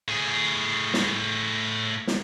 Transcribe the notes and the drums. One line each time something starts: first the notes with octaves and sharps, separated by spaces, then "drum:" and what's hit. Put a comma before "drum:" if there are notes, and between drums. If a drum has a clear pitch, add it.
A2 G#4
drum: snare
drum: snare